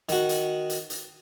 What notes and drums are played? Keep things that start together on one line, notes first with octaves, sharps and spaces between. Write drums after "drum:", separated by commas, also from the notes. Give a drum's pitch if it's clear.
D#3 F#4, drum: hi-hat
drum: hi-hat
drum: hi-hat
drum: hi-hat